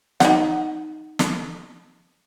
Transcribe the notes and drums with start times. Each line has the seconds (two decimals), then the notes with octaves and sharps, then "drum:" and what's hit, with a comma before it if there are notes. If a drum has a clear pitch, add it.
0.20 D#4 F#5, drum: snare
1.19 drum: snare